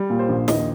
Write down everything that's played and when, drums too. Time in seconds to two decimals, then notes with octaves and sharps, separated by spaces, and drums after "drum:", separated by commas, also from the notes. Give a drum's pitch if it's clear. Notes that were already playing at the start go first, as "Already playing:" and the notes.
Already playing: G3
0.10 A#2
0.19 C5
0.29 A#1
0.48 D#2 D#5, drum: snare